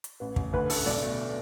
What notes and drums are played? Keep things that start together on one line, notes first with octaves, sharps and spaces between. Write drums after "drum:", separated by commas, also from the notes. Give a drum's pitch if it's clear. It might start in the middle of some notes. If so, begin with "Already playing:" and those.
drum: hi-hat
A1 B4
A1, drum: kick
D2 B4
A3 A4, drum: open hi-hat
B1 D5, drum: snare
A3